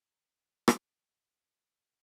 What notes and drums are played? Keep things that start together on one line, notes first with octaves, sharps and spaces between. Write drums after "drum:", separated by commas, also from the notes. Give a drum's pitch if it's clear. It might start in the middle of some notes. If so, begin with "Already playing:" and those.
A#4 D#7 E7
drum: rim click